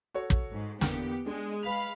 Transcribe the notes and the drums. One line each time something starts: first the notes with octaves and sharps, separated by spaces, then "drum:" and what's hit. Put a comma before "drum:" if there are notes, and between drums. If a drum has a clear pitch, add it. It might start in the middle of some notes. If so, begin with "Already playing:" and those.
F#4 A4 C#5
drum: kick
G#2
E2 D3 A#3 B3 G4, drum: snare
G#3 D4
G#3 B4 F5 B5 B6 F7